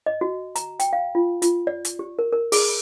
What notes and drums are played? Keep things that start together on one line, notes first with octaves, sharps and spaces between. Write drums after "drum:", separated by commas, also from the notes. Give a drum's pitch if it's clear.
D#5
F#4
A#5, drum: hi-hat
G5, drum: hi-hat
F5
F4
F4, drum: hi-hat
D5
drum: hi-hat
G4
A#4
A#4
G#4, drum: open hi-hat